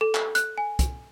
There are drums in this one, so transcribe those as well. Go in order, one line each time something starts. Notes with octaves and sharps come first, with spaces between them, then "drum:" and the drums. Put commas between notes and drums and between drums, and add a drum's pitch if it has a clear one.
A4
drum: clap
F#6, drum: hi-hat
G#5
drum: kick, hi-hat